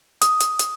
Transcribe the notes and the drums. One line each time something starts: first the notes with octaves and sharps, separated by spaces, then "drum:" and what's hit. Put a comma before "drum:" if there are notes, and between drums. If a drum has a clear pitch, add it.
D#6, drum: hi-hat
drum: hi-hat
drum: hi-hat